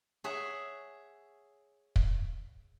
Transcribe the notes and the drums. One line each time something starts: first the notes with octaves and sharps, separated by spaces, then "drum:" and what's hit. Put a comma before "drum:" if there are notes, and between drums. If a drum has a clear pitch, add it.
G#4 C#5 E5 F#5
drum: kick